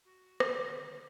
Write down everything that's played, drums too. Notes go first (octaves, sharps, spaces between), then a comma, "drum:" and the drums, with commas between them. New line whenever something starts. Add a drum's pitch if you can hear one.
F#4
drum: rim click
D3 D#3 B3